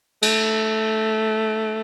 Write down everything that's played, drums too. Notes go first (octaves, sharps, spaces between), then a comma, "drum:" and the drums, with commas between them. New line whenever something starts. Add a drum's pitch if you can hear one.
A3, drum: cymbal